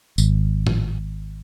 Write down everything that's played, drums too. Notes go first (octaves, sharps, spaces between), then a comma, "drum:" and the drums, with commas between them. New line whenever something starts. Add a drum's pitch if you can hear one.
G#1, drum: tambourine
drum: tom A2